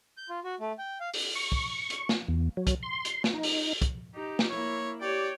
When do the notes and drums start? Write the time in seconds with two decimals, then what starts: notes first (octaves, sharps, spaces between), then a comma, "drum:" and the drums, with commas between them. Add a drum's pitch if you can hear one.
0.17 G6
0.29 F4
0.44 F#4
0.60 A3
0.78 G5
1.00 F5
1.14 drum: open hi-hat
1.35 C#6
1.52 drum: kick
1.90 drum: hi-hat
2.09 drum: snare
2.28 E2
2.57 F#3
2.67 drum: kick, hi-hat
2.83 C6
3.05 drum: hi-hat
3.24 drum: snare
3.34 D#4
3.43 drum: open hi-hat
3.82 drum: kick, hi-hat
4.14 D#4 G4
4.39 drum: snare
4.49 A#3 E4 C#5
5.01 G4 C#5 D5 G5